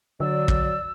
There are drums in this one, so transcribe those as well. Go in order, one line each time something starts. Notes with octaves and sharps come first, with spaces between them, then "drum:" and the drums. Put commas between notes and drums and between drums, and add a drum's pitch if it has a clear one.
D3 F#3 D5 E6
drum: kick